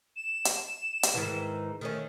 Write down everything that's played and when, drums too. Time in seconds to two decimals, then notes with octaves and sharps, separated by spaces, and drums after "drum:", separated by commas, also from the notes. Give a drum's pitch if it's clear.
0.16 E7
0.45 drum: hi-hat
1.03 drum: hi-hat
1.14 G#2 D#3 E3
1.81 D#3 A3 C#4